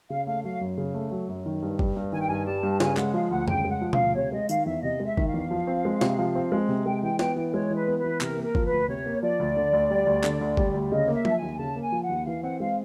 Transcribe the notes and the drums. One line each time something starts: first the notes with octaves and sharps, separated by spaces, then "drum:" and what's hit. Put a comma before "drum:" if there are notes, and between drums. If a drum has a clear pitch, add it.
C#3 F5
A3 F5
F#3 F5
F#2
C#3
A3
F#3
F#2
D#3
G2
G3, drum: kick
G2
D#3 G#5
G5
G2 G#5
G3 A5
G2
C#3 G#5, drum: snare
G#3 F#5, drum: clap
F3 F5
D2 F#5
C#3 G5, drum: tom
G#3
F#5
F3
F5, drum: tom B2
D2
C3 C#5
G#3 D#5
D#3 F5, drum: tambourine
E2 E5
C3 D#5
G#3
E5
D#3, drum: kick
E2 F5
F3
C4
G#3
C3, drum: snare
F3
C4
G#3
C3
G#3 G5
E3 G5
B3 G5, drum: snare
E3 G5
G#3 C#5
E3
B4
B3
B4
E3
C3 A#4, drum: clap
A#3
A#4
F3, drum: kick
B4
D2
C3 C#5
A#3
F3 D5
D2
D3
D2
G3
D2
D3, drum: clap
D2
G3, drum: kick
D2
C#3 D#5
A#3
E5
F3 A5, drum: tom F#3
G#5
D#2
C#3 A5
A#3
G#5
F3
F#5
D#2
E3 F5
C4 F#5
G#3 F5